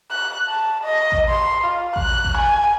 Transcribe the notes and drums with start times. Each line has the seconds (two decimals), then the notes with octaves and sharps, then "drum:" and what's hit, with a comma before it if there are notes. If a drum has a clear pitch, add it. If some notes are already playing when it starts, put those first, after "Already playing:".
0.11 F#6
0.48 A5
0.84 D#5
1.12 drum: kick A1
1.29 C6
1.64 F4
1.96 F#6, drum: kick A1
2.25 drum: kick A1
2.37 G#5